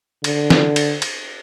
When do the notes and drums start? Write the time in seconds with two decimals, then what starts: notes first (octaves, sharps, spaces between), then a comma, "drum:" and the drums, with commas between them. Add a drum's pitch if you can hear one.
0.24 D3, drum: cymbal
0.50 drum: snare
0.76 drum: cymbal
1.02 drum: cymbal